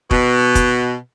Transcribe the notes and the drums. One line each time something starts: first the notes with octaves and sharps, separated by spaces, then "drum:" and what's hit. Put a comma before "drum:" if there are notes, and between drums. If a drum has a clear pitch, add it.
B2, drum: kick
drum: kick, hi-hat